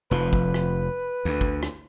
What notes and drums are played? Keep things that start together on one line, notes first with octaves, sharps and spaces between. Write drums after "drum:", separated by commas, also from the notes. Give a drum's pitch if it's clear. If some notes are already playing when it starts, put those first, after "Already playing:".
F1 F3 B4
drum: kick
drum: rim click
D2
drum: kick
drum: rim click